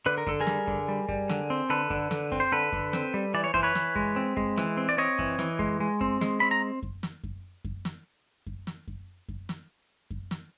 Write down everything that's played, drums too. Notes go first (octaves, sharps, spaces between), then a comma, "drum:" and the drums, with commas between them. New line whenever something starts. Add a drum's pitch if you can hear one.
D3 B4
A#4
D3 A4, drum: kick F#2
G#4 A#4
G3, drum: snare
D3, drum: kick F#2
G3
G3, drum: kick F#2
D3, drum: snare
C4
D3 A4 B4
D3, drum: kick F#2
D3, drum: snare
C4, drum: kick F#2
C5
D3 A4 B4
D3, drum: kick F#2
C4, drum: snare
G3
E3 D5
C#5
E3 C5, drum: kick F#2
B4 C#5
E3, drum: snare
G#3, drum: kick F#2
C4
G#3, drum: kick F#2
E3, drum: snare
C4
D5
C4 C#5 D#5
E3, drum: kick F#2
E3, drum: snare
G#3, drum: kick F#2
G#3
C4, drum: kick F#2
G#3, drum: snare
C4 B5
A#5
drum: kick F#2
drum: snare
drum: kick F#2
drum: kick F#2
drum: snare
drum: kick F#2
drum: snare
drum: kick F#2
drum: kick F#2
drum: snare
drum: kick F#2
drum: snare